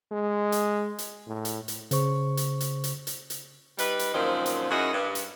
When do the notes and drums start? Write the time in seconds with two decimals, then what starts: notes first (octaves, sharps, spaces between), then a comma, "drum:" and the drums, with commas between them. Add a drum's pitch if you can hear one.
0.11 G#3
0.52 drum: hi-hat
0.99 drum: hi-hat
1.26 A2
1.45 drum: hi-hat
1.68 drum: hi-hat
1.91 C#3 C5 C#6, drum: hi-hat
2.37 drum: hi-hat
2.60 drum: hi-hat
2.84 drum: hi-hat
3.07 drum: hi-hat
3.30 drum: hi-hat
3.79 G3 D#4 B4, drum: hi-hat
3.99 drum: hi-hat
4.14 F#2 A#2 D#3 F3 C4
4.46 drum: hi-hat
4.70 F#2 D#4 E4 F#4 G#4
4.93 G2
5.15 drum: hi-hat